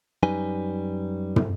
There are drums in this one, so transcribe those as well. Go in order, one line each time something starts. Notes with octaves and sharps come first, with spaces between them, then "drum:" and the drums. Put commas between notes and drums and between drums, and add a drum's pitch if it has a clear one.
F#2 G3 D#4 B4 G#5
drum: tom